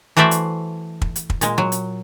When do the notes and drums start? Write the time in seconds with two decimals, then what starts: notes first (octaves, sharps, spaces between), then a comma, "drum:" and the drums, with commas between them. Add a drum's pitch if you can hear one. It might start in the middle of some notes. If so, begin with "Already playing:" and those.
0.17 E3 A3 F#4 C5 D5 E5
0.31 drum: hi-hat
1.02 drum: kick
1.16 drum: hi-hat
1.30 drum: kick
1.41 A#2 G#3, drum: hi-hat
1.58 F#3
1.72 drum: hi-hat